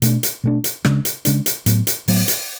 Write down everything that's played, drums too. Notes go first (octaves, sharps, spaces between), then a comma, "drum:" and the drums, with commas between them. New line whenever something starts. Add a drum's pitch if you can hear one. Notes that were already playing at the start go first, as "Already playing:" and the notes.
B2 A3 D4, drum: hi-hat
drum: hi-hat
B2 A3 D4
drum: hi-hat
C#3 G#3 D4, drum: rim click
drum: hi-hat
C#3 G#3 D4, drum: hi-hat
drum: hi-hat
A2 F#3 B3, drum: hi-hat
drum: hi-hat
A2 F#3 B3, drum: open hi-hat
drum: hi-hat